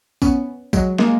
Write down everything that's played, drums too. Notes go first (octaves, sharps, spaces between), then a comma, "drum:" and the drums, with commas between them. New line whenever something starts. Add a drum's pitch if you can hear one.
B3 C#4, drum: kick A#1, tambourine
F#3 G#3, drum: kick A#1, tambourine
G#3 A#3, drum: snare